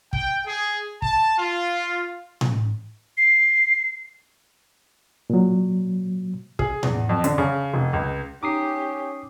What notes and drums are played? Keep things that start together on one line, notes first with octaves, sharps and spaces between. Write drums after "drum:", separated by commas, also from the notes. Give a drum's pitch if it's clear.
G5, drum: kick
G#4
A5, drum: kick
F4
drum: tom A2
C7
A#2 F#3
G#4, drum: kick
E2, drum: tom A2
F2
D3, drum: hi-hat
C#3
F1
C#2
C#4 D#4 G4 A#5 D6 D#6 C7